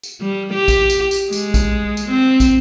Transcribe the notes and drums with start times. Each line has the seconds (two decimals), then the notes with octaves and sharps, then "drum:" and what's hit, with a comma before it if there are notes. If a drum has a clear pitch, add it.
0.03 drum: tambourine
0.21 G3
0.54 G4
0.68 drum: kick, tambourine
0.90 drum: tambourine
1.11 drum: tambourine
1.33 G#3, drum: tambourine
1.54 drum: kick, tambourine
1.97 drum: tambourine
2.11 C4
2.40 drum: kick, tambourine